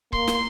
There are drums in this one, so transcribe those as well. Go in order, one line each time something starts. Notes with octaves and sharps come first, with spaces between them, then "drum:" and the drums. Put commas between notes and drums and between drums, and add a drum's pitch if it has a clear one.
A#3 C6, drum: kick C#1
drum: snare